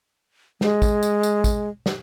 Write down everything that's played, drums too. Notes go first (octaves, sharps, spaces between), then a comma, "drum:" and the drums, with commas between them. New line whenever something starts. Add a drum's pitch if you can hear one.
G#3, drum: snare
drum: kick, tambourine
drum: tambourine
drum: tambourine
drum: kick, tambourine
drum: snare